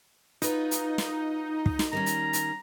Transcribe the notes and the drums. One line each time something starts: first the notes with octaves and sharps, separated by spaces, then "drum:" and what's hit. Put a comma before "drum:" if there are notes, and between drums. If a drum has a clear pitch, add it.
D#4 F4 F#4 B4, drum: hi-hat
drum: hi-hat
drum: snare
drum: kick
drum: snare
D#3 G3 C#4 A#5
drum: hi-hat
drum: hi-hat